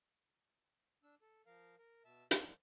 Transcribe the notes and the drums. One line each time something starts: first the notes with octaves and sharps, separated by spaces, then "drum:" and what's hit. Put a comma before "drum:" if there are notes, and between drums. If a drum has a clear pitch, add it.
D4 E6
A4
F3 A#4 F5
A#4
B2 E5 A5
D3 D#3 F3 G3, drum: hi-hat